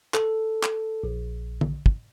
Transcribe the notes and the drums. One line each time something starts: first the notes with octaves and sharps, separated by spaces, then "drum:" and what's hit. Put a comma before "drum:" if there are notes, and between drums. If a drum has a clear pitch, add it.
A4, drum: clap
drum: clap
A#1
drum: tom D3
drum: kick